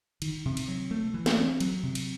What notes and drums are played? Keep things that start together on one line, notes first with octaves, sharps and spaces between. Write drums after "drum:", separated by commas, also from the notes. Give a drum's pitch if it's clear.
D#3, drum: cymbal
C3
drum: cymbal
F#3
A3
E3
drum: snare
C4
F#3, drum: cymbal
C3
drum: cymbal